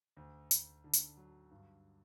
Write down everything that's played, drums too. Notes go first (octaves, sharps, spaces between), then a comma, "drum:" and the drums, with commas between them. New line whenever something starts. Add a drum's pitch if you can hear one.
D2
D2, drum: hi-hat
D3
drum: hi-hat
F#3
G2